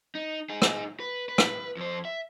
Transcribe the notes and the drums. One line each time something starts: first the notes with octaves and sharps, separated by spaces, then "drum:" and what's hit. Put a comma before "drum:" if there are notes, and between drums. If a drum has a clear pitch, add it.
D#4
D#4 G#4
drum: rim click
B4
B4
drum: rim click
F2 C5
E5